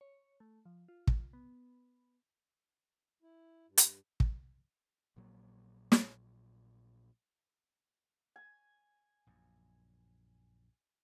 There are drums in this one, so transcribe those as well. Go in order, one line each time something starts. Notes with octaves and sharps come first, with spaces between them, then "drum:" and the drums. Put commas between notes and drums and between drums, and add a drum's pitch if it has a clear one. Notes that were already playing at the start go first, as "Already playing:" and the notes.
C#5
A3
F3
F4
drum: kick
B3
E4
G2
drum: hi-hat
drum: kick
A#1 A#2 F#3 A#3
drum: snare
G#5
A#1 F#2